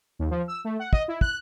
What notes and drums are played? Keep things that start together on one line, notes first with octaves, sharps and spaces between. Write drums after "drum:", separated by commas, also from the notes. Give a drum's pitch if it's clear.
D#2
F3
E6
A3
F#5
D#5, drum: kick
E4
F#6, drum: kick